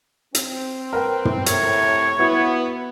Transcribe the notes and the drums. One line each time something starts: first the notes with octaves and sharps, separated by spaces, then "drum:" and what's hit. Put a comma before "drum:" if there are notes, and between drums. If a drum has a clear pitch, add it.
C4, drum: hi-hat
A#4 B4 G5
drum: tom
A2 C3 A#4 C#5, drum: hi-hat
B3 E4 F#4